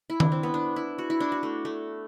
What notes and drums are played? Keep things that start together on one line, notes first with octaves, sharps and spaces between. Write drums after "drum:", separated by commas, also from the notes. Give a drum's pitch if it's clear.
E4
D4, drum: tom D#3
C4
B3
D4
E4
F#4
E4
D4
F#4
A3
A3